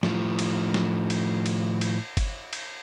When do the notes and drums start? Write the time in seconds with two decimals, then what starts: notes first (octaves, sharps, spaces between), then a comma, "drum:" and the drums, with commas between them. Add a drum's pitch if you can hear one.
0.03 A2 F3, drum: snare
0.39 drum: cymbal
0.74 drum: snare
1.10 drum: cymbal
1.46 drum: cymbal
1.81 drum: cymbal
2.17 drum: kick G1, cymbal
2.53 drum: cymbal